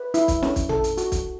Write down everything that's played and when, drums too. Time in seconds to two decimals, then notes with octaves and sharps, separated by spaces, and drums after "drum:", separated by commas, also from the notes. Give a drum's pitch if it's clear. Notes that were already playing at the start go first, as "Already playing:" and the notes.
Already playing: B4
0.14 E4, drum: hi-hat
0.28 drum: kick, hi-hat
0.43 C#4, drum: snare
0.56 drum: kick, hi-hat
0.69 A4, drum: tom A1
0.84 drum: hi-hat
0.98 F#4, drum: hi-hat
1.12 drum: kick, hi-hat